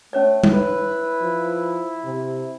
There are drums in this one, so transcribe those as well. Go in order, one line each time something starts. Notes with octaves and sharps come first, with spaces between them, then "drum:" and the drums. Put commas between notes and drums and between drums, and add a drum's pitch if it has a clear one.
A3 C#4 C#5 D5
drum: tom G3
E4 B4
F3
C3